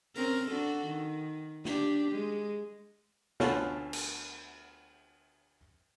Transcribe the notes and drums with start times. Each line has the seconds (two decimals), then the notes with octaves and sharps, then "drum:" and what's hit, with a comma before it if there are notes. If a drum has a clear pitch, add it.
0.15 C4 C#4 A#4, drum: open hi-hat
0.47 D4 F#4 A4
0.85 D#3
1.65 D4 G4, drum: snare
2.12 G#3
3.40 D2 B2 C#4 F4 A4 A5, drum: snare
3.93 drum: cymbal